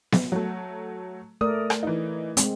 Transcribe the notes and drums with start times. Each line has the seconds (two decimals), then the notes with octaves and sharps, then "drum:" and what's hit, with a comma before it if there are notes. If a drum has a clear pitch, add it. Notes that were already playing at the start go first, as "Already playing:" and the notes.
0.12 drum: snare B3
0.32 F#3 A3
1.41 A3 A#4 D5 D#6
1.70 drum: rim click
1.83 E3 D#4
2.37 G#3 C4, drum: hi-hat